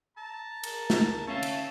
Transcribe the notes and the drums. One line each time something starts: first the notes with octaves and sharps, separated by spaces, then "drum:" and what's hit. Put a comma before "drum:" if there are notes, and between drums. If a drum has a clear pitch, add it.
A5 A#5
A#4, drum: cymbal
drum: snare
C#4 C#5 E5 F5 A5
drum: cymbal